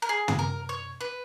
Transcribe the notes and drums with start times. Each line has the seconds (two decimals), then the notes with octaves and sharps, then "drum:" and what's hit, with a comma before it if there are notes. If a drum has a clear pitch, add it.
0.02 A#4
0.09 G#4
0.28 drum: tom
0.39 A#4
0.69 C#5
1.01 B4